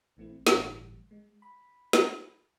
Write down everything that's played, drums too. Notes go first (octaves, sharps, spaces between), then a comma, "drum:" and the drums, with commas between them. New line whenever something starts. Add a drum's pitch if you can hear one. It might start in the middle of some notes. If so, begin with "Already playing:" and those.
A#1 E3 A3 C4 E4
G1 A2 D3 E3 G3, drum: snare
G#3
B5
drum: snare